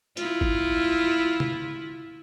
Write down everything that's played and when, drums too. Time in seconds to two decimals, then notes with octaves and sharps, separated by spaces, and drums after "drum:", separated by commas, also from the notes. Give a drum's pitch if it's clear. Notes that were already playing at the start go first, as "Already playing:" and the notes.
0.17 E4 F4, drum: hi-hat
0.41 drum: kick
1.40 drum: tom